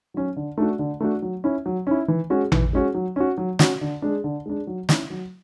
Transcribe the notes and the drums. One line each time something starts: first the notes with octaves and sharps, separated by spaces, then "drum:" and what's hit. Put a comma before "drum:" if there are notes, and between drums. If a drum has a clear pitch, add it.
F#3 C#4
D3
A3 D4 F#4
D3
A3 D4 F#4
F#3
C#4 E4
F#3
C#4 E4
E3
G#3 C#4 F#4
E3, drum: tom A1
G#3 C#4 F#4
F#3
C#4 F#4
F#3
C#4 F#4, drum: snare
D3
G#3 D4
D3
G#3 D4
F#3
C#4 E4, drum: snare
F#3